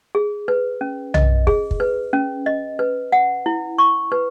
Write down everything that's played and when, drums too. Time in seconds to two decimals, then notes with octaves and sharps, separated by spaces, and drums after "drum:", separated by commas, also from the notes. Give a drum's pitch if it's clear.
0.15 G#4
0.48 B4
0.81 C#4
1.14 D#5, drum: tom B1
1.47 G#4, drum: kick
1.71 drum: kick
1.80 B4
2.13 C#4
2.46 D#5
2.79 B4
3.12 F#5
3.46 E4
3.78 C#6
4.12 B4